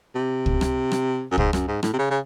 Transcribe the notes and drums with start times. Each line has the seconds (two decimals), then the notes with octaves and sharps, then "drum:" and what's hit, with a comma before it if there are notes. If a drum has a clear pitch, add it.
0.15 C3
0.46 drum: kick
0.61 drum: rim click
0.92 drum: rim click
1.31 F#2
1.38 G#2, drum: kick
1.53 F#2, drum: rim click
1.68 G#2
1.83 A2, drum: rim click
1.93 C3
1.99 C#3
2.10 C#3